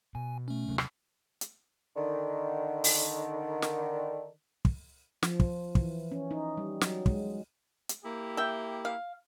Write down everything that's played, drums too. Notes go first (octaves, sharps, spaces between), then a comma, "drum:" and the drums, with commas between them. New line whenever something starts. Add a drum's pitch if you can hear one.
B2 G#5
A3 C#4
C3 F#3
drum: rim click
drum: hi-hat
D3 D#3
drum: open hi-hat
drum: snare
drum: kick
F3, drum: snare
drum: kick
E3, drum: kick
C#4
D#4
G3
F#3, drum: snare
G#3, drum: kick
drum: hi-hat
A#3 E4 G4
E5 G5
F5